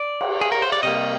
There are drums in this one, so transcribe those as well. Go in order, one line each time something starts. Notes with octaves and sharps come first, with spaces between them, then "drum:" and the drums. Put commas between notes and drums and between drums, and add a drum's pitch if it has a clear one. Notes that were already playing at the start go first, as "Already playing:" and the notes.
Already playing: D5
drum: cymbal
G#4
A#4
C5
D5
C3 G3 A#3 D#5